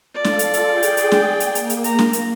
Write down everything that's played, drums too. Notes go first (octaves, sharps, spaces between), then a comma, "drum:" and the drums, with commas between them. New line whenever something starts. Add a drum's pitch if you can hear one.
F4 A4 D5
drum: snare
drum: hi-hat
drum: hi-hat
G#4 G5
drum: hi-hat
drum: hi-hat
drum: snare
A#3, drum: hi-hat
drum: hi-hat
drum: hi-hat
A#5, drum: hi-hat
drum: snare
drum: hi-hat